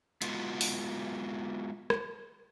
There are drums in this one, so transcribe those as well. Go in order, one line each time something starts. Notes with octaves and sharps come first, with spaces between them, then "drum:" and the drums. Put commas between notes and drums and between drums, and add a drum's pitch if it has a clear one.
G#3 B3 F4 F#4, drum: hi-hat
drum: open hi-hat
drum: rim click